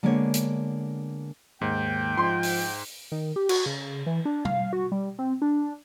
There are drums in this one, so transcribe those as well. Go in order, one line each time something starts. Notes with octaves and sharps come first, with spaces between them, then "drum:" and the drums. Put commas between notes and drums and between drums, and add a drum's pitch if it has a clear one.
D3 G#3 A#3 B3 D4 C#5
drum: hi-hat
D#2 G#2 G5
F3 C6
drum: open hi-hat
D#3
G4
F#4, drum: cymbal
C#3
E3
D4
F5, drum: tom
F#4
G3
C4
D4